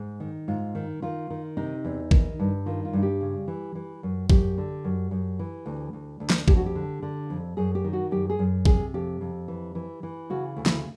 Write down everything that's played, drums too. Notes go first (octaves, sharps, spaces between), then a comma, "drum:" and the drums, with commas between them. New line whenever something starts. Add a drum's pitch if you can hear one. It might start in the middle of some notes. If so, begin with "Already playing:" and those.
Already playing: G#2
D#3
G#2 F4
D#3
D#3 F4
D#3
C3 D#4
E2
D#3, drum: kick A1
G2
D#3 F4
F4
G2
G4
C#3
E3
E3
F#2
F#2 G4, drum: kick A1
D3
F#2
F#2
E3
D2
D2
D2
drum: snare
F2 G4, drum: kick A1
F#4
G4
D3
D3
F2
F#2 G#4
G4
D#3
F#4
F#2 G4
G#4
F#2
C3 G#4, drum: kick A1
F2 G4
F2
E3
E3
E3
C#3 F#4
D2
E4, drum: snare